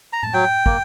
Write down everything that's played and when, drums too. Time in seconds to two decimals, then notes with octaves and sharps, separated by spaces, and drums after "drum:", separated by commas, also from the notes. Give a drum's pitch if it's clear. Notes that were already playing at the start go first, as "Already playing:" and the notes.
0.13 A#5
0.23 A5, drum: tom A2
0.33 F#3 G5
0.66 A#3, drum: kick